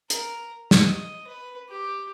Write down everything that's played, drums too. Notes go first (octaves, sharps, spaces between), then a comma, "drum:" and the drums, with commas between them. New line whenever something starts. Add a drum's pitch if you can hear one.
A#4, drum: hi-hat
D#5, drum: snare
B4
G4